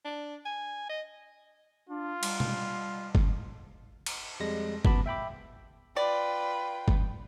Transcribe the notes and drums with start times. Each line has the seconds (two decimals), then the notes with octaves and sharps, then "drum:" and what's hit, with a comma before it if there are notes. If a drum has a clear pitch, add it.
0.05 D4
0.45 G#5
0.89 D#5
1.89 D4 F4
2.23 G3, drum: cymbal
2.40 drum: tom B2
3.15 drum: kick
4.06 drum: cymbal
4.40 F2 G3 G#3 A#6
4.85 B2 B3 A5 B5 D6, drum: kick
5.06 E5 G5 B5 D6
5.96 F4 B4 D5 G5
6.88 drum: kick